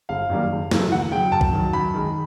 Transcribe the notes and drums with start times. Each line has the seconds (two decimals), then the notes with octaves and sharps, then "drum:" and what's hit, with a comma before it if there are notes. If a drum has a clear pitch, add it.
0.09 G1 F5
0.30 F#2 D#3 G3 A#3
0.51 F#1
0.71 F#2 C#3 E3 A3, drum: snare
0.91 D#2 F#5
1.11 C#3 F#3 G5
1.32 F#2 A5
1.41 drum: kick
1.52 D#3 F#3
1.73 F#2 B5
1.94 D#3 G#3